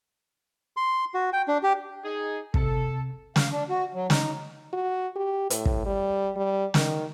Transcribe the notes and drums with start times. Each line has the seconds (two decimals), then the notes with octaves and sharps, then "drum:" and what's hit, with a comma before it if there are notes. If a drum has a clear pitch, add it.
0.77 C6
1.14 F#4
1.33 G5
1.48 D4
1.63 G4
2.04 D#4 G#4
2.54 C3 A4, drum: kick
3.36 F5, drum: snare
3.52 D4
3.70 F#4
3.94 F#3
4.10 D#4, drum: snare
4.73 F#4
5.16 G4
5.50 A2, drum: hi-hat
5.65 drum: kick
5.86 G3
6.36 G3
6.74 D#3, drum: snare